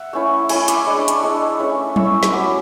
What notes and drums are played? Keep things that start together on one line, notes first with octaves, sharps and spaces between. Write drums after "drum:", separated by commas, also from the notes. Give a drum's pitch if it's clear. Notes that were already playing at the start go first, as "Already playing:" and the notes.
Already playing: E5 F#5
A3 C#4 E4
A3 C#4 E4 G#5 B5, drum: cymbal
B5 D6, drum: hi-hat
G#3 D4 C#6
D6
A5 C#6, drum: hi-hat
G#3 D4 C#6 E6
A3 C#4 E4
A3 C#4 E4 C#6 E6, drum: tom F#3
drum: snare
F#3 C#4 E4 B5 D6